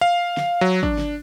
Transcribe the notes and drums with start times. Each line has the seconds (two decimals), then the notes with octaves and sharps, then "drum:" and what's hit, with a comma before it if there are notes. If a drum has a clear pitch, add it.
0.01 F5
0.37 drum: snare
0.61 F#3
0.83 D4, drum: kick
0.98 drum: snare